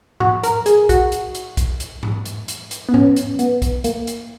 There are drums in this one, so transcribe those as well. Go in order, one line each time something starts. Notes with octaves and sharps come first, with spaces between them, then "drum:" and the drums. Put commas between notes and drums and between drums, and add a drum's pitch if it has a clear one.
F#4, drum: tom G#2
A#4, drum: hi-hat
G#4, drum: hi-hat
F#4, drum: kick, hi-hat
drum: hi-hat
drum: hi-hat
drum: kick, hi-hat
drum: hi-hat
drum: tom G#2
drum: hi-hat
drum: hi-hat
drum: hi-hat
B3
C#4, drum: tom G#2
drum: hi-hat
B3, drum: hi-hat
drum: kick, hi-hat
A#3, drum: hi-hat
drum: hi-hat